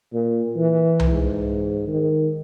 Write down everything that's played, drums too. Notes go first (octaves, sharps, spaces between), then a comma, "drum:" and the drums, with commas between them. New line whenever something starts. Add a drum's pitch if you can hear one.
A#2
E3
drum: tom C2
G#2
D#3